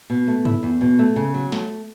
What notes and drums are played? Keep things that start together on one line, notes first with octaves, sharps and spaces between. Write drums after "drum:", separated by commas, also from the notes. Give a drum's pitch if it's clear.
B2
A3
E4, drum: tom
E2
B2
A3
C#3
F#3
A3, drum: snare